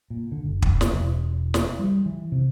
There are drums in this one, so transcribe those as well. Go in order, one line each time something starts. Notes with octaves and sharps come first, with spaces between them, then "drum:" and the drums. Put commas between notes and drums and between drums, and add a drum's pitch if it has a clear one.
A#2
D3
F#1
drum: kick
drum: snare
E1
drum: snare
G3
E3
C3